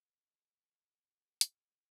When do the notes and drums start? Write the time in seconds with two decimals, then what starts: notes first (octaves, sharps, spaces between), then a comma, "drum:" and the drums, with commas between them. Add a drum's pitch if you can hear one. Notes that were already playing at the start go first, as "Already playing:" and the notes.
0.24 G#3
0.70 A3
1.08 G4
1.41 drum: hi-hat